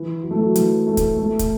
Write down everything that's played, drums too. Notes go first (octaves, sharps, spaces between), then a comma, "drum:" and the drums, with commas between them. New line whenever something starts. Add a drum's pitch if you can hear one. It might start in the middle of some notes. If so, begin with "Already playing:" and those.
Already playing: E3
F#3
A3
F#3
E3, drum: hi-hat
A3
drum: kick, hi-hat
A3
drum: kick, hi-hat